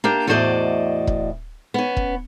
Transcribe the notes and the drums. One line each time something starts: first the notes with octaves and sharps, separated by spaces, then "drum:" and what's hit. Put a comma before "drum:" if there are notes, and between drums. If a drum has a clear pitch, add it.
A#3 D4 G4
E2 A2 F#4 C5 D5 D#5
drum: kick
B3 C#4
drum: kick